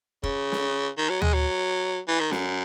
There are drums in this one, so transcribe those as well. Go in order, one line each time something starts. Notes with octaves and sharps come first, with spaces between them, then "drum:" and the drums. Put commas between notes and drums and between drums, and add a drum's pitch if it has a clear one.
C#3, drum: kick
drum: snare
D#3
F#3
G#3, drum: tom D2
F#3
E3
D#3
F#2, drum: snare